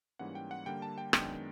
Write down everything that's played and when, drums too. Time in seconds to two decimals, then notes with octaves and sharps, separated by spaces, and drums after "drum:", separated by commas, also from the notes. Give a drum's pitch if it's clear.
0.19 G#2 E3 G3 A#3 C#4 F#5
0.35 G5
0.51 F#5
0.66 D3 G3 A#3 G5
0.82 A5
0.98 G5
1.13 F#2 D#3 G#3 B3 D4 G5, drum: rim click